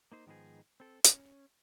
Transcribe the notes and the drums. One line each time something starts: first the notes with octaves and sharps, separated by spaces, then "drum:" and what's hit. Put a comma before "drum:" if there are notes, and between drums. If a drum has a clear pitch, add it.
A#3 D#4 C5
G#2 D#3 F3 B3 D#4 G#4
C4 A4
C#4, drum: hi-hat